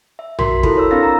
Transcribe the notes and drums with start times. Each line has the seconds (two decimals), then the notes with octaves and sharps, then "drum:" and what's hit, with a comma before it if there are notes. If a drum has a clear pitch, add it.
0.19 E5
0.39 F#4 A#4 C6 B6, drum: tom A#1
0.63 E4 F4 A4 B5, drum: kick
0.75 A#4 C#5 E6
0.91 C4 D4 A#4 F5 A6 A#6
1.03 A#5 E6